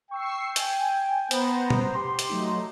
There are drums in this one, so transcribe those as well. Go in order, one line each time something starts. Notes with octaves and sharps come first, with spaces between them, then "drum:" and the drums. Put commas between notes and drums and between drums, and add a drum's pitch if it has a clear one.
G5 C#6 E6 C7
G#5, drum: hi-hat
B3 C5 A#5, drum: hi-hat
drum: tom B2
G4 C6
drum: hi-hat
F#3 A3 D#4